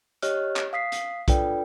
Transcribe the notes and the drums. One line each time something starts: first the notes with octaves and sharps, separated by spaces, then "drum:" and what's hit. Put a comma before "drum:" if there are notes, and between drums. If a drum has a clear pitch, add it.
G4 C#5 D#5 F6 F#6, drum: hi-hat
drum: clap
F5 D#6 B6 C7
drum: hi-hat
D4 F4 A4 B4 D5 G5, drum: kick B1, hi-hat